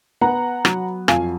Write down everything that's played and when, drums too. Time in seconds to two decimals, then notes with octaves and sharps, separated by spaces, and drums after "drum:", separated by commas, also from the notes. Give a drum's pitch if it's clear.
0.21 B3 F#5 A#5
0.65 F#3, drum: rim click
1.08 F2 F5 G#5, drum: rim click